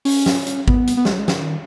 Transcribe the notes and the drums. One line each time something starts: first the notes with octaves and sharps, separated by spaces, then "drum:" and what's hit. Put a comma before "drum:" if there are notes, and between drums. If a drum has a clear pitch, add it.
C#4, drum: open hi-hat
drum: snare
drum: hi-hat
B3, drum: kick G#1
drum: hi-hat
B3
G#3, drum: snare
F#3
G#3
D#3, drum: snare